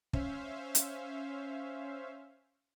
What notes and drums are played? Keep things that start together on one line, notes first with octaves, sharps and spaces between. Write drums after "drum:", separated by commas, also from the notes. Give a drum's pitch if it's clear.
C#4 C5 E5 F5, drum: kick
drum: hi-hat